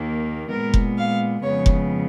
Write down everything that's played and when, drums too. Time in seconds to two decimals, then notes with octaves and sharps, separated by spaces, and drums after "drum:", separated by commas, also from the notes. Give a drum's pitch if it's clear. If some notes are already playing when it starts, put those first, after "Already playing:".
Already playing: D#2 D#3 A#3
0.50 A#2 G#3 B3 A#4
0.74 drum: kick F1
0.97 F5
1.42 F2 C#3 G#3 B3 C#5
1.66 drum: kick F1